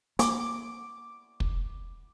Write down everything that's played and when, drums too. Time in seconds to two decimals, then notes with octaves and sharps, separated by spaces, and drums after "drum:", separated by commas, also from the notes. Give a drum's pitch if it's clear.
0.19 A#3 D6, drum: hi-hat
1.40 drum: kick